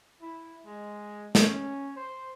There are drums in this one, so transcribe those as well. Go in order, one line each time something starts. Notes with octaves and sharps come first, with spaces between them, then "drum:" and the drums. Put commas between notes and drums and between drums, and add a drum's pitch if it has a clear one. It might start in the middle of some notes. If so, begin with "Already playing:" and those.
E4
G#3
C#4, drum: snare
C5